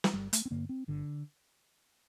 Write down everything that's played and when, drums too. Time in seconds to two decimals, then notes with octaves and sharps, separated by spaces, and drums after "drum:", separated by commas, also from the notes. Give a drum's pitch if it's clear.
0.04 drum: snare
0.14 G1 G3
0.33 A3, drum: hi-hat
0.46 C4
0.51 G2 D3 A#3
0.69 C4
0.88 G1 D3